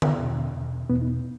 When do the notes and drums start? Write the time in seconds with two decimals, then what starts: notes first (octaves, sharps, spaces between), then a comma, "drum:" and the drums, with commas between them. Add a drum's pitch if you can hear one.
0.02 drum: tom D3
0.18 E2 B2
0.54 E2 B2
0.89 E2 B2 B3
1.02 D#4